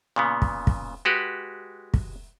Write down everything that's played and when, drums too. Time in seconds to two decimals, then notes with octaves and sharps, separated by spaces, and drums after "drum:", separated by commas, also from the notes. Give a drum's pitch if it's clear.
0.16 A#2 C#3 B3
0.42 drum: kick
0.67 drum: kick
1.05 G#3 F#4 G4 B4
1.94 drum: kick